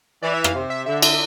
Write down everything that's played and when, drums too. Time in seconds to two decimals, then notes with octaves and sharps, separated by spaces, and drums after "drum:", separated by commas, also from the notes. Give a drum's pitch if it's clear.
0.22 E3 D5
0.34 E5
0.44 F5, drum: rim click
0.55 C3
0.70 E5
0.86 D3 E5
1.02 E5, drum: cymbal